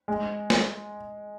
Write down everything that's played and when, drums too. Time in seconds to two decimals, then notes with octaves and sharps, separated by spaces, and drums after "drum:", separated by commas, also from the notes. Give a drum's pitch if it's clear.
0.08 G#3
0.50 drum: snare